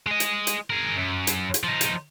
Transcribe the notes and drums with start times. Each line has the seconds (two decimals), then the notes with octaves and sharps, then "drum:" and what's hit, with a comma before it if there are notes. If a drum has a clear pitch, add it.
0.07 G#3 D#5
0.20 drum: hi-hat
0.47 drum: hi-hat
0.70 G#4 A#4
0.96 F#2
1.27 drum: hi-hat
1.54 drum: hi-hat
1.64 F3 D#4
1.81 drum: hi-hat